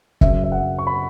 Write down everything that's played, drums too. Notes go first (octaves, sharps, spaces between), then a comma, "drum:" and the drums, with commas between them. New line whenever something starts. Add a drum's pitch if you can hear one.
F#2 C#3 F#3 E5, drum: kick
E5
F#5
C#6
B5